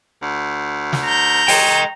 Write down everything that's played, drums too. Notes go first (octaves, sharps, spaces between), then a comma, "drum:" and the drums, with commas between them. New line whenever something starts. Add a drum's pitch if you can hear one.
D2
drum: snare
A#5 G6
G#3 D#5 G5, drum: open hi-hat